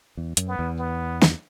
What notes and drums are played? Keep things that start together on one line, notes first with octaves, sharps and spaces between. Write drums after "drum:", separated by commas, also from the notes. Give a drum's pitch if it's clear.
E2
F#2, drum: hi-hat
B3
E2
B3
drum: snare